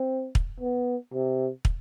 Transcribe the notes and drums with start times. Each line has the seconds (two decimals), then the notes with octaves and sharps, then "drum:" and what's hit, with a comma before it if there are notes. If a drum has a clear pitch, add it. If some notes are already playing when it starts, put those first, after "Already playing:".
Already playing: C4
0.35 drum: kick
0.60 B3
1.13 C3
1.65 drum: kick